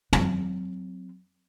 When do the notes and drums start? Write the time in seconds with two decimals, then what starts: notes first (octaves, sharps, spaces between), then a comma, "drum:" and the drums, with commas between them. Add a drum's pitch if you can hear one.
0.13 F#3 C4, drum: tom